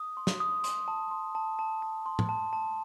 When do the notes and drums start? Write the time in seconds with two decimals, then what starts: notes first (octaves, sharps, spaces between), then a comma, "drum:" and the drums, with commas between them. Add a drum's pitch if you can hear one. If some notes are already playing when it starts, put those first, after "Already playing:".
Already playing: D#6
0.17 C6
0.27 drum: snare
0.40 D#6
0.64 C6, drum: hi-hat
0.88 A5
1.11 C6
1.35 A5
1.59 A5
1.82 A5
2.06 C6
2.19 drum: tom A2
2.29 A5
2.53 A5